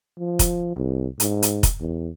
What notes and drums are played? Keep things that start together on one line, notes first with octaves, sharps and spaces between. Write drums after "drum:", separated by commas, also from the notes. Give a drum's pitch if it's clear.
F3
drum: kick, hi-hat
C2
G#2, drum: hi-hat
drum: hi-hat
drum: kick, hi-hat
E2